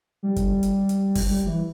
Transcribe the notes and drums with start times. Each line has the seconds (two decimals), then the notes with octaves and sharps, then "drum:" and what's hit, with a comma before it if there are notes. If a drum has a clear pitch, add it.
0.23 G3
0.36 drum: kick F#1, hi-hat
0.63 drum: hi-hat
0.89 drum: hi-hat
1.15 drum: kick F#1, open hi-hat
1.29 G3
1.47 E3